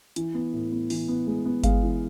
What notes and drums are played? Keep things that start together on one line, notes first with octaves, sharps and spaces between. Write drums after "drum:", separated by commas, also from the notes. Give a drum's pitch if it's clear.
E3, drum: hi-hat
B3
A2
B3
E3, drum: open hi-hat
B3
G#3
B3
G#3 F5, drum: kick G1, hi-hat
E3